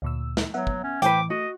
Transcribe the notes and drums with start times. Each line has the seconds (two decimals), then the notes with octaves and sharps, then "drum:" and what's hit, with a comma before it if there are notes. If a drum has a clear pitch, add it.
0.02 D2 A#2 E6
0.37 drum: snare
0.54 F#3 B3 E5 F#5
0.67 drum: kick
0.84 C#4
1.02 A2 E3 B4 C5 G5 D6, drum: hi-hat
1.30 A3 F#4 D#5